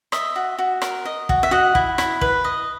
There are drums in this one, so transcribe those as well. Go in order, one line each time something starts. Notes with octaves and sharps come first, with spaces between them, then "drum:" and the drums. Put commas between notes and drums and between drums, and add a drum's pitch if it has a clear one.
D#5 E5, drum: rim click
F#4
F#4
A#4, drum: rim click
D#5
F#4, drum: kick
E5
F#4 D#5 F#5
E4, drum: kick
E4, drum: rim click
B4, drum: kick
D#5